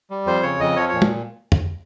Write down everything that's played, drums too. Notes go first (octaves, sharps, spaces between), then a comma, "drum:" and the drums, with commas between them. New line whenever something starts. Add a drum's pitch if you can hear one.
G3
F2 C5
C#3 C#5
F2 D#5
F3 C#5
A#2 C#5
drum: tom
drum: tom